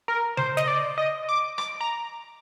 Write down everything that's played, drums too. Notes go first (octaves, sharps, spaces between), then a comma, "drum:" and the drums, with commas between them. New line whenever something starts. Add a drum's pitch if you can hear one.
A#4
C5, drum: tom C#3
D#5, drum: snare
D5
D#5
D6
D6, drum: rim click
A#5